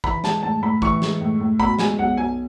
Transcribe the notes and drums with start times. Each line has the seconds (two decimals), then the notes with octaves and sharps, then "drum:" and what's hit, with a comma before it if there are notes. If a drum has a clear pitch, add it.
0.04 E3 B5, drum: kick
0.24 G#3 A5, drum: snare
0.43 A2 A5
0.62 A2 B5
0.82 E3 C#6, drum: kick
1.02 G#3, drum: snare
1.21 A2
1.40 A2
1.60 B2 B5, drum: kick
1.79 G#3 G#5, drum: snare
1.98 B1 F#5
2.17 B1 G#5